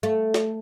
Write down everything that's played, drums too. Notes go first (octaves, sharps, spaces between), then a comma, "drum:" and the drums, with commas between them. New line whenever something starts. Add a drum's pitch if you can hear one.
A3
drum: snare